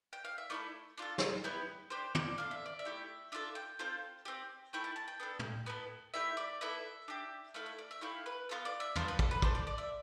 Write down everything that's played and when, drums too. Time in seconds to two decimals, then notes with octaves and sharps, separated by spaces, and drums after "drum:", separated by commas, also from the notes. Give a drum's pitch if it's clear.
0.13 G5
0.25 F5
0.38 E5
0.50 A3 E4 A4 D5
0.98 D4 F4 A4
1.18 drum: snare
1.44 B3 E4 G4
1.90 D4 G4 C5
2.15 D5, drum: tom
2.38 D4 A4 F5
2.51 E5
2.66 D5
2.79 E5
2.85 A3 E4 G4
3.32 D4 F4 A4 E5
3.55 G5
3.79 C4 F4 A4
4.25 C4 G4
4.73 A3 E4 A4 G5
4.84 A5
4.96 A5
5.08 G5
5.20 B3 D4 A4
5.39 drum: tom
5.66 B3 E4 A4
6.14 A3 E4 G4 E5
6.37 D5
6.61 B3 E4 A4 E5
7.08 D4 G4
7.54 A3 E4 A4 F5
7.66 E5
7.79 D5
7.91 E5
8.01 A3 E4 G4 F5
8.26 B4
8.49 B3 F4 A4
8.65 D5
8.80 E5
8.95 B3 D4 F4 C5, drum: tom
9.08 B4
9.19 A4, drum: kick
9.31 B4
9.42 D4 A4 C5, drum: kick
9.55 D5
9.67 D5
9.78 E5